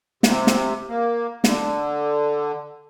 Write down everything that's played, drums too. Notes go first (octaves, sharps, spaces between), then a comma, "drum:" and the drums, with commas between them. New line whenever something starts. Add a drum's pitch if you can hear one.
C3, drum: snare
drum: snare
A#3
D3, drum: snare